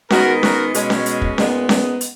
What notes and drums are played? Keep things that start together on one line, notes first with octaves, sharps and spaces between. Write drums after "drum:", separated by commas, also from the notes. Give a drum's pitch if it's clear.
D#3 G#3 B3 D#4 F#4 A#4, drum: snare C#4
F#4 A#4, drum: snare C#4
B2 G#3 C#4, drum: hi-hat
drum: snare C#4
drum: hi-hat
drum: kick
A#2 G#3 B3 D#4, drum: snare C#4
drum: snare C#4
drum: hi-hat